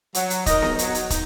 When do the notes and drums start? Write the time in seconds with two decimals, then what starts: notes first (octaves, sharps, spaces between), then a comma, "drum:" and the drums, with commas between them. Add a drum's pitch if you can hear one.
0.14 F#3, drum: hi-hat
0.30 drum: hi-hat
0.46 D#4 A#4 D#5, drum: kick, hi-hat
0.62 drum: snare B3
0.79 F#3, drum: hi-hat
0.95 drum: hi-hat
1.10 D#4, drum: kick, hi-hat